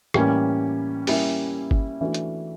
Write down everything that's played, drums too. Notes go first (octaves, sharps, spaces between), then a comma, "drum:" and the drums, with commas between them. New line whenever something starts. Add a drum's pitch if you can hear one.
A2 E3 G3 A#3 C#4, drum: rim click
G3 A#3 C#4 E4, drum: open hi-hat
drum: kick G1
E3 A3 D4 F#4
drum: hi-hat